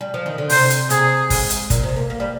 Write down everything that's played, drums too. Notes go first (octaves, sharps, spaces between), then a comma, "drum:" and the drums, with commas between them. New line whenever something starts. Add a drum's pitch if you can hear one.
G3
F3
D#3
D3
C3 C5, drum: open hi-hat
drum: hi-hat
C3 G#4, drum: hi-hat
G#2, drum: kick, open hi-hat
drum: hi-hat
A#2, drum: kick, hi-hat
C3
A#3
A#3
G3